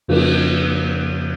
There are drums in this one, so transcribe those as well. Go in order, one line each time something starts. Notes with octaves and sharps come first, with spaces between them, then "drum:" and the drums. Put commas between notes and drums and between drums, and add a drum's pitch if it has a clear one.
F2 C#3 F3 A#3, drum: cymbal